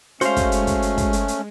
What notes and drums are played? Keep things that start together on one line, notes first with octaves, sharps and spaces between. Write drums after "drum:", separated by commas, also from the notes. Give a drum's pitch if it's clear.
G#3 A3 C#4 F#4 C5 F5, drum: hi-hat
drum: kick, hi-hat
drum: hi-hat
drum: kick, hi-hat
drum: hi-hat
drum: kick, hi-hat
drum: hi-hat
drum: hi-hat